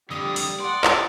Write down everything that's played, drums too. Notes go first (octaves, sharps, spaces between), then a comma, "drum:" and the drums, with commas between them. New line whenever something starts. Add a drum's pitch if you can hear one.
F2 D3 G3 D#6
drum: open hi-hat
D5 F#5 C6
drum: clap